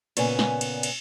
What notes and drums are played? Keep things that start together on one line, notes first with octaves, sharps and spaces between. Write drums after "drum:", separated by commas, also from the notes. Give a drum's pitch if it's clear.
A#2 C#3 B3 G#5, drum: cymbal
drum: snare
drum: cymbal
drum: cymbal